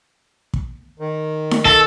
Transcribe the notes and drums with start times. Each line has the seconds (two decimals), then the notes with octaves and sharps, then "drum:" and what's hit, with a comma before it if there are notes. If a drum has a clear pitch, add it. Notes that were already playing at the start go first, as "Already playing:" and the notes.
0.54 drum: kick
1.00 D#3
1.51 drum: snare D#4
1.65 A4, drum: kick